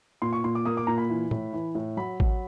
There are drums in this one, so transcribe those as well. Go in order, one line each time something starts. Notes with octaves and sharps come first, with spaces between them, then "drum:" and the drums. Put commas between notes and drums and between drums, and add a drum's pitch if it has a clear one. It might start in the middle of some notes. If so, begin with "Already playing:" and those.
A#2 C6
C#6
A#2 C6
D6
A#3 D#6
D6
A#2 A#5
B5
E3
A2, drum: tom A2
E3
A2
F#3 B5
F#3, drum: kick A1